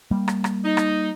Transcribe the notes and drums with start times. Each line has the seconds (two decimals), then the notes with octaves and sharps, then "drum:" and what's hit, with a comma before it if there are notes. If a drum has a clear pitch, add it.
0.11 G3 A#3
0.28 drum: rim click
0.44 drum: rim click
0.65 D#4
0.77 drum: rim click